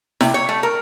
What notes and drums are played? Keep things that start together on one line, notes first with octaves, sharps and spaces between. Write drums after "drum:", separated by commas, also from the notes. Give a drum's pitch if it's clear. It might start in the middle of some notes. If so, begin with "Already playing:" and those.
C3, drum: snare E4
C#5
A3
A#4